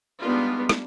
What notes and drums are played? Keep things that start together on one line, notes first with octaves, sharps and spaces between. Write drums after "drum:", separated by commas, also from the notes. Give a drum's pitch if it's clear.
G3 G#3 B3 D4 D#4 F4
drum: rim click